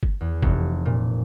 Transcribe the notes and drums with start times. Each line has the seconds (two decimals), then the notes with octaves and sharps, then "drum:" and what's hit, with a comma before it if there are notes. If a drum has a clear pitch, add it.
0.03 drum: kick G1
0.21 E2
0.43 F1, drum: kick G1
0.85 A#2